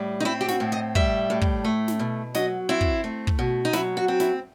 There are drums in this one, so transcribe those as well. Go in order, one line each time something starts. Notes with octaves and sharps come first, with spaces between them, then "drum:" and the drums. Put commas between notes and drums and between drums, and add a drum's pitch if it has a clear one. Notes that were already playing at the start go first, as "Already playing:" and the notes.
Already playing: A2 G3
D#4
C4 E4
G4
F#4, drum: snare
A2
D#5
G3 E5, drum: kick
A2
drum: kick
A3
drum: snare
B2
F#3 D#5, drum: snare
C4 E4
drum: kick
A3
drum: kick
B2
D#4
F#3 E4, drum: snare
F#4
C4
E4, drum: snare